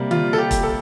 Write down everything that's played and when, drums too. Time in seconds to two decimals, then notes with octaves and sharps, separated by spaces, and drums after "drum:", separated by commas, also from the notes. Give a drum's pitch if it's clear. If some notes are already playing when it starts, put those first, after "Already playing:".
Already playing: C3 G3 A#3
0.11 F4, drum: tom D3
0.33 A4
0.38 G4
0.51 drum: kick E1, hi-hat
0.63 A4